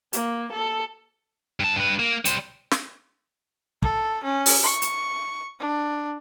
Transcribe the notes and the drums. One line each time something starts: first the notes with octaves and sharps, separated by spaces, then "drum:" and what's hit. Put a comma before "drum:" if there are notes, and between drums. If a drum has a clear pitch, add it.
A#3, drum: hi-hat
A4
G2 A5
G2 B4
A#3
G3 C5, drum: hi-hat
drum: snare
A4, drum: kick
C#4
drum: open hi-hat
C#6
drum: hi-hat
D4